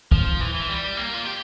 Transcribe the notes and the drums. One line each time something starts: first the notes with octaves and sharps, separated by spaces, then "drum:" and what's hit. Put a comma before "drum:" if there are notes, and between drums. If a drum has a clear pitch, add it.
F3, drum: kick
E3
E3
G3
A#3
F4
G4